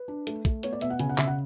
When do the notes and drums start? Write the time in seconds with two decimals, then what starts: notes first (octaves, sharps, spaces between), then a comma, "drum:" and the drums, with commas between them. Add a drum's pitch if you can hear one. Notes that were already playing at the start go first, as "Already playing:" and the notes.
Already playing: B4
0.08 D4
0.27 A3, drum: hi-hat
0.45 A3, drum: kick, hi-hat
0.63 B3 C#5, drum: hi-hat
0.73 D5
0.81 B2 E5, drum: hi-hat
0.90 F#5
0.99 C#3 G#5, drum: hi-hat
1.09 F#5
1.18 C#3 E5, drum: clap
1.27 F#5